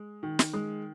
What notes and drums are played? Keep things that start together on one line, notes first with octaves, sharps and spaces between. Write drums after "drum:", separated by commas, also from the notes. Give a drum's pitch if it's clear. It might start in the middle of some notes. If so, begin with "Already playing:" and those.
Already playing: G#3
D#3
drum: snare
G#3